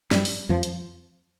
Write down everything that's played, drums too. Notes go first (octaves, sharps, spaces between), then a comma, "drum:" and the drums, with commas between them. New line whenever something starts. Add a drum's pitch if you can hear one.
G2 G3, drum: snare
drum: open hi-hat
F2 F3
drum: hi-hat